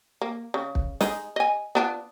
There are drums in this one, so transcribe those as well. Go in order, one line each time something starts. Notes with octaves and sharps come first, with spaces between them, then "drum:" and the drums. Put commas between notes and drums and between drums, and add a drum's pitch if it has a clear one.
A#3
C#3
drum: kick
G#3 D#4, drum: snare
D#5 G#5
B3 D4 F4